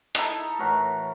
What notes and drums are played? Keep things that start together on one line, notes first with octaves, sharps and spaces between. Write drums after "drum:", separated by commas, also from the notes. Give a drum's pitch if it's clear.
D#4 E4 A4, drum: hi-hat
A2 E3 F#4 A#4